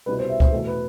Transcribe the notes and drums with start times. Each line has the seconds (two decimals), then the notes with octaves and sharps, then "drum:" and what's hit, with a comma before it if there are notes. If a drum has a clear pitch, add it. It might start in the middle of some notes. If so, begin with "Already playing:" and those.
0.06 C2 B2 G3 B4
0.19 C5
0.29 E5
0.40 C5, drum: kick
0.52 E2 B2 A3 A4
0.67 B4